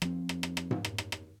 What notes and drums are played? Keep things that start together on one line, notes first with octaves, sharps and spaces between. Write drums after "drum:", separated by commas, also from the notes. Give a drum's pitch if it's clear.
F3 C4, drum: rim click
drum: rim click
drum: rim click
drum: rim click
drum: tom G#2
drum: rim click
drum: rim click
drum: rim click